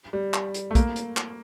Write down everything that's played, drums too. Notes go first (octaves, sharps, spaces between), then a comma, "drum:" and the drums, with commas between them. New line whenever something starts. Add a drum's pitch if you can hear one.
G3
drum: clap
drum: hi-hat
A3
A#3, drum: kick, hi-hat
drum: hi-hat
drum: clap